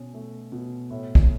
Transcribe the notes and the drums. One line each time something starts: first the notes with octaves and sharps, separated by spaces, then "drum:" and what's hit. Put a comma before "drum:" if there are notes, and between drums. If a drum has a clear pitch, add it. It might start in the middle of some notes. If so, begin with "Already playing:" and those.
Already playing: B2 C#4
A3
B2
A2
drum: kick